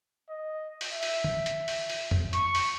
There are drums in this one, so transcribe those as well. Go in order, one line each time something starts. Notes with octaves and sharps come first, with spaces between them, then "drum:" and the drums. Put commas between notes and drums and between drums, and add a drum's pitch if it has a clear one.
D#5
drum: open hi-hat
E5
drum: open hi-hat
drum: tom
drum: hi-hat
drum: open hi-hat
drum: open hi-hat
drum: tom F2
C#6, drum: hi-hat
drum: open hi-hat